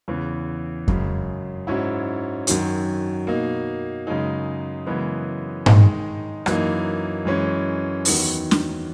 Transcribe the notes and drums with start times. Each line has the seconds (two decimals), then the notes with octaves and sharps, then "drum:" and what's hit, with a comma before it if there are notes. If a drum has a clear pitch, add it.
0.08 E2 C#3 E3
0.88 F#2 C#3 G#3, drum: kick F2
1.67 G#2 F#3 C#4 E4
2.47 F#2 D#3 F#3, drum: hi-hat
3.27 B2 A#3 D#4
4.07 F#2 C#3 G#3 D#4
4.86 F#2 C#3 E3 G#3 B3
5.66 D#3 G#3 D#4, drum: tom G#2
6.46 F#2 E3 A#3 D#4, drum: rim click
7.25 F#2 E3 G#3 C#4
8.05 E2 D#3 F#3 B3, drum: open hi-hat
8.51 drum: snare